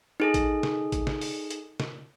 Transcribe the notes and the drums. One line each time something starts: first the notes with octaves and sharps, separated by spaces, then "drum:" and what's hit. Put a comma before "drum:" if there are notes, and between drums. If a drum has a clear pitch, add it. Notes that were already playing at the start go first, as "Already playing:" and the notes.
D#4 G#4 A4
drum: kick A1, hi-hat
drum: snare
drum: kick A1, hi-hat
drum: snare
drum: open hi-hat
drum: hi-hat
drum: snare